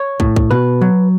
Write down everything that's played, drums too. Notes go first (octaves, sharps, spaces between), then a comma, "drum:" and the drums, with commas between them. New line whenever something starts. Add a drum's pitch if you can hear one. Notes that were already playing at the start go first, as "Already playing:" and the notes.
Already playing: C#5
A2, drum: kick
drum: kick
B2 B4
F#3